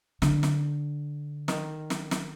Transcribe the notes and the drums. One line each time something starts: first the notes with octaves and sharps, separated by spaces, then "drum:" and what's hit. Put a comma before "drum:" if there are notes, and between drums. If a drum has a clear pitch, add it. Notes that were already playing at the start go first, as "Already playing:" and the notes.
D3, drum: snare
drum: snare
D#3, drum: snare
drum: snare
drum: snare